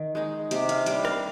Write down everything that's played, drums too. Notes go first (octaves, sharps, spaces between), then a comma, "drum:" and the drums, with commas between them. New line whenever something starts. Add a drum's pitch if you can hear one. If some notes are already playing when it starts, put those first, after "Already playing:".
Already playing: D#3
G#3 D#4
C3 G4, drum: hi-hat
F5, drum: hi-hat
G3 D4 G5, drum: hi-hat
F5, drum: rim click